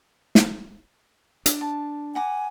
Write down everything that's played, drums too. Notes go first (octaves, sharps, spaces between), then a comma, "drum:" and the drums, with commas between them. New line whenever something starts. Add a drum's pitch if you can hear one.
drum: snare
D4, drum: hi-hat
A5
F#5 G#5 A#5 D6